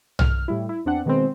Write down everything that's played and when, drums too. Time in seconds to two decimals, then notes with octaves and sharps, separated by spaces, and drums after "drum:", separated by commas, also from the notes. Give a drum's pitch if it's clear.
0.19 F6, drum: tom B1
0.48 A2 G3 E4
0.69 E4
0.85 E2 C4 D4 F#5
1.06 B2 D#3 G#3 B3 C4